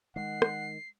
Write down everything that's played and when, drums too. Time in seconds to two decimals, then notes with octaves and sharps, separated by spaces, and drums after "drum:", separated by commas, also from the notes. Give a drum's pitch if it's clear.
0.16 D#3 G#3 F#5 C7
0.42 drum: rim click